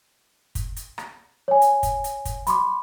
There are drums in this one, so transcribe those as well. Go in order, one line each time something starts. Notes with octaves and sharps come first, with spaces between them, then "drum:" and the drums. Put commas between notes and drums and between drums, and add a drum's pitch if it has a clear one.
drum: kick, hi-hat
drum: hi-hat
drum: rim click
C#5 G#5
drum: hi-hat
drum: kick, hi-hat
drum: hi-hat
drum: kick, hi-hat
B5 C6 D6, drum: hi-hat